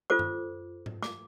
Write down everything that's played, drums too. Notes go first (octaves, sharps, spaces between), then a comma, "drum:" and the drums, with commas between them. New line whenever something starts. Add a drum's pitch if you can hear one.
F4 A4 C5 D6
drum: tom F#2
drum: tom G#2
D6, drum: snare